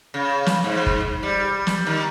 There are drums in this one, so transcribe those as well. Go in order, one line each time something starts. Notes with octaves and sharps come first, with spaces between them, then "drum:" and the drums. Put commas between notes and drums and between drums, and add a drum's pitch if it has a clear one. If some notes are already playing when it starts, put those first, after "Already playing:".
C#3
drum: snare
G#2
drum: kick
G3
drum: snare
D#3